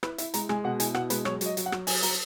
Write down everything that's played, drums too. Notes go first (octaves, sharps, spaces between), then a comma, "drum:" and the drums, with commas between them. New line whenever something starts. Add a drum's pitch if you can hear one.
E4 B4, drum: rim click
E4 E5, drum: hi-hat
G#3 A#5, drum: hi-hat
G#3 G#5, drum: rim click
B2 F#5
E4 G#5, drum: hi-hat
B2 F#5, drum: rim click
G#3 B4, drum: hi-hat
F#3 C#5, drum: rim click
F#3 D#5, drum: hi-hat
F#3, drum: hi-hat
F#5
F#3, drum: rim click
F#3 G#5, drum: open hi-hat
F#3 A#5, drum: hi-hat